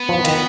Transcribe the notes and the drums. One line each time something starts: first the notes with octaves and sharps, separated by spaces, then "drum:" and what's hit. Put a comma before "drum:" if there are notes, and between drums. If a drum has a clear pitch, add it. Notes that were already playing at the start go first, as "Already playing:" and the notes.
Already playing: B3
F3
D#3, drum: cymbal